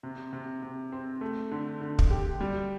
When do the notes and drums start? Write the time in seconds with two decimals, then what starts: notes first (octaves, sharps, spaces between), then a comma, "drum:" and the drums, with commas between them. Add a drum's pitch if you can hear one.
0.03 C3
0.33 C3
0.62 C3
0.92 C4
1.21 A3
1.51 D3
1.81 D3
1.99 drum: kick
2.10 G4
2.41 G3